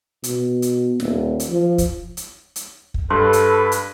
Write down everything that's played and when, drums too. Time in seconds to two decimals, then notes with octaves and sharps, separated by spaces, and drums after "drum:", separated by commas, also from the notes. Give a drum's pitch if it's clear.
0.24 B2, drum: hi-hat
0.62 drum: hi-hat
1.00 D#1, drum: snare
1.40 drum: hi-hat
1.50 F3
1.78 drum: kick, hi-hat
2.17 drum: hi-hat
2.56 drum: hi-hat
2.94 drum: kick
3.10 G2 A4 B4 C6
3.33 drum: hi-hat
3.72 drum: hi-hat